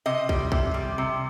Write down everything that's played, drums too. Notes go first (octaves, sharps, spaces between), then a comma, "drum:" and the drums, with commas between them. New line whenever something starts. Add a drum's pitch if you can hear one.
C3 D#5
G3, drum: kick
C3, drum: kick
G3
C3